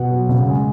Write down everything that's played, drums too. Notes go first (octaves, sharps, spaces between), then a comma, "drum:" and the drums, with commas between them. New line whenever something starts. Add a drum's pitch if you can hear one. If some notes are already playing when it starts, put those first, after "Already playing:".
Already playing: B2 F#5
F#3
C#3, drum: tom B2
G#3